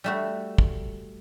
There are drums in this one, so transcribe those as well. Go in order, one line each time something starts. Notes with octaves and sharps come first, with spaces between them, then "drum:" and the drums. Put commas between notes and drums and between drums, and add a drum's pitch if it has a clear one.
G3 A3 F#4
drum: kick